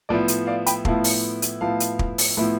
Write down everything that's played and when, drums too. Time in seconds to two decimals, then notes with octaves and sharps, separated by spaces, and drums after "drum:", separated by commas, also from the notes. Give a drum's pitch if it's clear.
0.09 A2 F3 B3 E4 D5
0.28 drum: hi-hat
0.47 D5 F5
0.66 G5 B5, drum: hi-hat
0.85 A2 F3 B3 E4 F5 A5, drum: kick
1.04 drum: open hi-hat
1.42 drum: hi-hat
1.61 A2 F3 B3 E4 F5 A5
1.80 drum: hi-hat
1.99 drum: kick
2.18 drum: open hi-hat
2.37 A2 F3 B3 E4